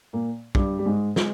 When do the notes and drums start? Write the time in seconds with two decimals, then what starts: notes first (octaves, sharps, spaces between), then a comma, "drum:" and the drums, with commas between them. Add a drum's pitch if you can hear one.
0.13 A#2 A#3
0.55 G2 G3, drum: kick
0.79 G3
0.86 G#2 G#3
1.16 G#3, drum: snare